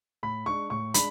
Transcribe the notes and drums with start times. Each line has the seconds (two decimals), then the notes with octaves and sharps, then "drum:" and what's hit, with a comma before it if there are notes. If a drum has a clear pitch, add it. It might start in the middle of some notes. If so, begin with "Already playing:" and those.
0.23 A2 B5
0.46 G#3 D4 C#6
0.70 A2 C#6
0.94 G#3 D4 B5, drum: hi-hat